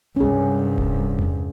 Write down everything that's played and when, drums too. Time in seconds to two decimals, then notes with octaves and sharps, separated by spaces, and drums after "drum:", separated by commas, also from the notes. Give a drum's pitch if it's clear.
0.16 C2 G2 C#4 G#4
0.78 drum: kick D1
1.19 drum: tom E2